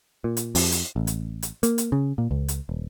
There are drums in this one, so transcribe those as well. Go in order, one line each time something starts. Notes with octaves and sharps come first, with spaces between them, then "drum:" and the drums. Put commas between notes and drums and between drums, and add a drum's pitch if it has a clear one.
A#2
drum: hi-hat
F2, drum: open hi-hat
drum: hi-hat
A1
drum: hi-hat
drum: hi-hat
A#3, drum: hi-hat
drum: hi-hat
C#3
A#2
C#2
drum: hi-hat
D#1